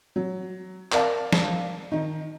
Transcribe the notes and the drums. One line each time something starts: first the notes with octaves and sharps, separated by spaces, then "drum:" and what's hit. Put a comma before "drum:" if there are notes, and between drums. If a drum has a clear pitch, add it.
F#3
A#4 D5 F5 A5, drum: clap
drum: snare F3
D#3 D#4